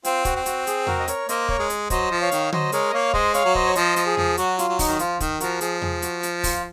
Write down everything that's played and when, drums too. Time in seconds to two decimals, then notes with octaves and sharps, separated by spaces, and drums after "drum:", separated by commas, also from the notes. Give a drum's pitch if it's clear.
0.04 C4 F4, drum: hi-hat
0.25 F#4, drum: kick, hi-hat
0.36 C4
0.46 F#4, drum: hi-hat
0.67 G#4, drum: hi-hat
0.87 F#4 A#4, drum: tom E2
1.00 D#5
1.08 A#4 C#5, drum: hi-hat
1.29 A#3 C5 D#5, drum: hi-hat
1.49 A#4 C#5, drum: kick
1.59 G#3
1.70 drum: hi-hat
1.90 F#3 C5 D#5, drum: kick, hi-hat
2.11 F3
2.21 C#5 F5
2.32 D#3, drum: hi-hat
2.52 F#3 C5 D#5, drum: tom D3
2.72 G#3 A#4 C#5, drum: hi-hat
2.89 D#5
2.93 A#3 C#5 F5
3.13 G#3 C5 D#5, drum: kick
3.34 C#5 F5, drum: hi-hat
3.45 F#3
3.55 C5 D#5, drum: kick
3.66 C#5
3.75 F3 C5 D#5, drum: hi-hat
3.96 F3, drum: hi-hat
4.07 G#4
4.17 F3, drum: tom E2
4.37 F#3 F#4, drum: hi-hat
4.59 F4, drum: hi-hat
4.69 F#3
4.79 D#4, drum: kick, open hi-hat
4.87 D#3
4.99 F3 F4, drum: hi-hat
5.20 D#3, drum: kick, hi-hat
5.40 F3 F#4 A#4, drum: hi-hat
5.61 F3 G#4, drum: hi-hat
5.82 G#4, drum: tom E2
6.02 F#4, drum: hi-hat
6.23 drum: hi-hat
6.43 F4, drum: kick, open hi-hat